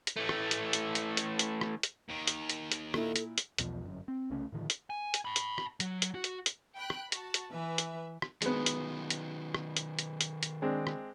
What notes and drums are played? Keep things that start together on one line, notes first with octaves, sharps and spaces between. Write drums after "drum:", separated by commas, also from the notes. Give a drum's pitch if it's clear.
drum: hi-hat
E3 A3
drum: rim click
drum: hi-hat
drum: hi-hat
drum: hi-hat
drum: hi-hat
drum: hi-hat
drum: rim click
drum: hi-hat
D#2 D#3
drum: hi-hat
drum: hi-hat
drum: hi-hat
A#2 E4 A4, drum: rim click
drum: hi-hat
drum: hi-hat
B1 E2 B2 F3, drum: hi-hat
G1 F#2
C4
C2 C#3 A3 C#4
A2 D3 D#3 F3
drum: hi-hat
G#5
drum: hi-hat
A5 B5
drum: hi-hat
drum: rim click
F#3, drum: hi-hat
drum: hi-hat
F#4
drum: hi-hat
drum: hi-hat
G5 B5 F#6
drum: rim click
F#4 A5, drum: hi-hat
drum: hi-hat
E3 B4 E5
drum: hi-hat
drum: rim click
D#3 F#3 G#3 B3, drum: hi-hat
drum: hi-hat
drum: hi-hat
drum: rim click
drum: hi-hat
drum: hi-hat
drum: hi-hat
drum: hi-hat
G#3 C4 D4
drum: rim click